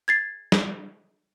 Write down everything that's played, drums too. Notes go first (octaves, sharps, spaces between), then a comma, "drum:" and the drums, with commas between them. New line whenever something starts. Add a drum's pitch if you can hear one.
G#6 A6 C7
drum: snare